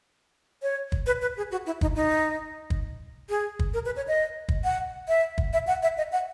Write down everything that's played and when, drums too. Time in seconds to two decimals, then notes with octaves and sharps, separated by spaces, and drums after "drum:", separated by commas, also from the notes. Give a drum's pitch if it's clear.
0.62 C#5
0.92 drum: kick
1.06 B4
1.22 B4
1.37 G#4
1.51 F#4
1.66 E4
1.81 D#4, drum: kick
1.96 D#4
2.70 drum: kick
3.29 G#4
3.59 drum: kick
3.74 A#4
3.85 B4
3.96 C#5
4.07 D#5
4.49 drum: kick
4.64 F#5
5.08 E5
5.38 drum: kick
5.53 E5
5.67 F#5
5.83 E5
5.97 D#5
6.12 F#5